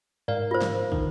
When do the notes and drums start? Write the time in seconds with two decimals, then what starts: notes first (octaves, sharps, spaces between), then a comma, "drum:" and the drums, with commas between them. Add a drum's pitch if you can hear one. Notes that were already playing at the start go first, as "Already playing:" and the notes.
0.28 G#2 A#4 D5 F5
0.51 F4 C5
0.61 drum: snare
0.92 D#3, drum: kick